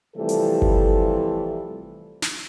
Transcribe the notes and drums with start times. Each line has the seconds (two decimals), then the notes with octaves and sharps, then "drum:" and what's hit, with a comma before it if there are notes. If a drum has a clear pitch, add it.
0.16 C3 E3 F3 G3 A3 A4
0.29 drum: hi-hat
0.62 drum: kick G1
2.22 drum: snare